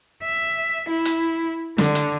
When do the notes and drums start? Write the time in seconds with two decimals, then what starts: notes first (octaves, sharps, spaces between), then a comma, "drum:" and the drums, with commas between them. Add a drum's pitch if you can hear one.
0.23 E5
0.89 E4
1.05 drum: hi-hat
1.78 D3, drum: snare
1.95 drum: hi-hat